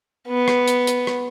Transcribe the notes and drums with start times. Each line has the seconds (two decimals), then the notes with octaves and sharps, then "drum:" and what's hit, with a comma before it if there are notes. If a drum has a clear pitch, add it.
0.28 B3
0.48 drum: rim click
0.68 drum: hi-hat
0.87 drum: hi-hat
1.07 drum: rim click